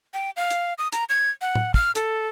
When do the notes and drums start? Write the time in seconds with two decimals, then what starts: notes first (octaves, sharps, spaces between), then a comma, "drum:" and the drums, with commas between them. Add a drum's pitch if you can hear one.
0.14 G5
0.36 F5
0.50 drum: hi-hat
0.78 D#6
0.92 A#5, drum: hi-hat
1.09 G#6
1.41 F#5
1.55 drum: tom A2
1.74 F6, drum: kick
1.95 A4, drum: hi-hat